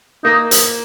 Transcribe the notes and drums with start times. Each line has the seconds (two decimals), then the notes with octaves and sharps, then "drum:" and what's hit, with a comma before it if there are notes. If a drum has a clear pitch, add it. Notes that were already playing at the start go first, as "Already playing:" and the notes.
0.25 A#3 D#4
0.51 drum: hi-hat